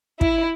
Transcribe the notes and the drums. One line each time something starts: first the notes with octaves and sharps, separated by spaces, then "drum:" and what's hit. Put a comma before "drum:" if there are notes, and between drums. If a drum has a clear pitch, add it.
E4, drum: kick